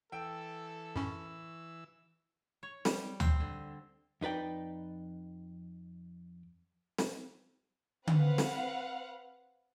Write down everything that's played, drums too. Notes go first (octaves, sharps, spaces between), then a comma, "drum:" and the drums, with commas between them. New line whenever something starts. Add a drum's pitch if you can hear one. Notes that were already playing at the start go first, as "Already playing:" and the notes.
E3 A4 G5 E6 D7
F#2 A2 C#4 B5 C#6
C#5
G3, drum: snare
C4, drum: tom D2
D3
F2 D#4 B4 D5 G5
drum: snare
C4 B4 F5 F#5, drum: tom D3
drum: snare